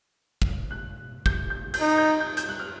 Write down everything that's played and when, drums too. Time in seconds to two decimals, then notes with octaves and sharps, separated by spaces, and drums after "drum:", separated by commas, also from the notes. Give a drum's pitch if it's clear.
0.42 drum: kick
0.71 F#6
1.26 G6, drum: kick
1.50 G6
1.74 G6, drum: cymbal
1.81 D#4
1.97 G6
2.20 G6
2.37 G6, drum: hi-hat
2.49 F#6
2.60 F6